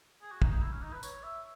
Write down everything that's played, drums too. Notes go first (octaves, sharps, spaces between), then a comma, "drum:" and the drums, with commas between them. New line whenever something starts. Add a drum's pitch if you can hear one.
G#4
F#4
D#4, drum: kick
D#4
E4
C#4
D#4
B4
C#5, drum: tambourine
E5